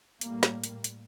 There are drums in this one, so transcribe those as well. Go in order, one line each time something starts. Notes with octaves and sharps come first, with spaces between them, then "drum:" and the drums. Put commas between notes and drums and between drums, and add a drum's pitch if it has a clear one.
A2 G3 A#3, drum: hi-hat
drum: snare
drum: hi-hat
drum: hi-hat